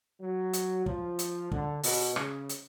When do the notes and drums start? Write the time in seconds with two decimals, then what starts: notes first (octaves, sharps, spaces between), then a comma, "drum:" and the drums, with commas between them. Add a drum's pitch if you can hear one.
0.20 F#3
0.53 drum: hi-hat
0.86 F3, drum: kick
1.19 drum: hi-hat
1.51 D3, drum: kick
1.83 B2, drum: open hi-hat
2.16 C#3, drum: rim click
2.49 drum: hi-hat